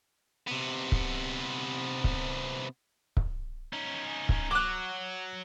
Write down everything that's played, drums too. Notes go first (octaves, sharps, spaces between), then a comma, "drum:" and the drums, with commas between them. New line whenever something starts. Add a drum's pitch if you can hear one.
C3 B3
drum: kick C#1
drum: kick C#1
drum: kick C#1
C#4 D#4
drum: kick C#1
F#3 D6 F#6